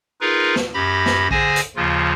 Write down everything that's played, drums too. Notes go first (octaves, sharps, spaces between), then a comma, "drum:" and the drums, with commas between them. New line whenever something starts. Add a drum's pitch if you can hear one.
D#4 F4 G#4 A#4 B4
drum: snare
F#2 G4 B5 A#6
drum: snare
D3 G#4 C5 G#5 D#6 A#6, drum: kick A#1
drum: hi-hat
D#2 C#3 F3 F4